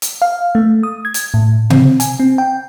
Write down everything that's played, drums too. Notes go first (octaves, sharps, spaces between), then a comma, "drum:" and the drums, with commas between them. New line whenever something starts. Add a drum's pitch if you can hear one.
drum: hi-hat
F5
A3
D#6
G#6
drum: hi-hat
A2
C4, drum: tom C3
G#5, drum: hi-hat
C4
G5